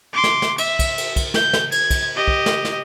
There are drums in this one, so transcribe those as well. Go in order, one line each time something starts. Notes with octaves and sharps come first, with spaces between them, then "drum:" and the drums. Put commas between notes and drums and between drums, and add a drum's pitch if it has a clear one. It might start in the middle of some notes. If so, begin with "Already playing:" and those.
C6 D6
drum: snare
drum: snare
E5, drum: cymbal
drum: kick, cymbal
drum: cymbal
drum: kick, cymbal
G6, drum: snare
drum: snare
G#6, drum: cymbal
drum: kick, cymbal
G4 D#5
drum: kick
drum: snare
drum: snare